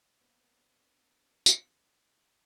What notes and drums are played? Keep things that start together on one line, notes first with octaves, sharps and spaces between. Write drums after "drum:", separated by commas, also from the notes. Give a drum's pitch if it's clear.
C3 A#3 B3 D4
drum: tambourine